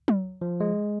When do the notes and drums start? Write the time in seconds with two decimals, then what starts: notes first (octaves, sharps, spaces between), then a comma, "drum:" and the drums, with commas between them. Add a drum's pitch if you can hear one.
0.08 drum: tom F#3
0.41 F3
0.60 G#3